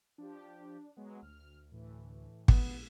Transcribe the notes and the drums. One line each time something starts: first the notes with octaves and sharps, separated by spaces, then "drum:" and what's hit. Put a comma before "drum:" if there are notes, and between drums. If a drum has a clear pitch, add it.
F3 D4 G4
F#3 G#3 B3
D2 F6
A2 E3
A#1 B3, drum: kick G#1